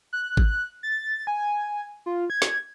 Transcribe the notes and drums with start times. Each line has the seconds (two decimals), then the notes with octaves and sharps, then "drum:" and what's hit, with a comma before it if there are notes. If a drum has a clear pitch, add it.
0.13 F#6
0.37 drum: kick G#1
0.83 A6
1.27 G#5
2.06 F4
2.30 G#6
2.42 drum: snare